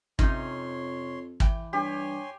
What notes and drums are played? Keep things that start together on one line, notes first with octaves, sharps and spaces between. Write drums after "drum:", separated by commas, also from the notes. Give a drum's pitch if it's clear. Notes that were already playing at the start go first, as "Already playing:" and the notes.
F2 C3 C#4 D#4 C#5 C6, drum: kick
E3 G5, drum: kick
G2 G4 C#5 G#5 C6